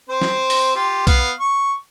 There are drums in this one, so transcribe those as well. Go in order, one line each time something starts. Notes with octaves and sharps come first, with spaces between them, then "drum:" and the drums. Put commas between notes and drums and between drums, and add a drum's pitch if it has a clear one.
C4 C5
drum: snare
drum: open hi-hat
F4 G4
B3 F5, drum: kick B1, hi-hat
C#6